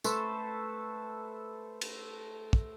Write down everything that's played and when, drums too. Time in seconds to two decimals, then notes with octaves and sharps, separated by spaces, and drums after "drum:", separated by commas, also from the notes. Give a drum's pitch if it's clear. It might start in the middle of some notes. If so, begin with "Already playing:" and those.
0.04 A3 A4 B4 C5, drum: tambourine
1.81 drum: cymbal
2.53 drum: kick